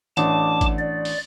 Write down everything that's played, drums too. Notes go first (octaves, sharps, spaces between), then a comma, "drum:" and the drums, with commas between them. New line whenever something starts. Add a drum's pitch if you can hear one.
A1 D4 A5 D6, drum: hi-hat
drum: kick G#1, hi-hat
D5
drum: open hi-hat